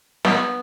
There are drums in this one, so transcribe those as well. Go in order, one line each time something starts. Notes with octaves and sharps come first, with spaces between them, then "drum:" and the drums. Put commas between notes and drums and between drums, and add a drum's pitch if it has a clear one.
B3, drum: snare